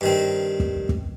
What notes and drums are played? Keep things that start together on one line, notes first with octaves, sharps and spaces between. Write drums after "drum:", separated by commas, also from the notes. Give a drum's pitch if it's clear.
G2 D#3 C4
drum: kick
drum: kick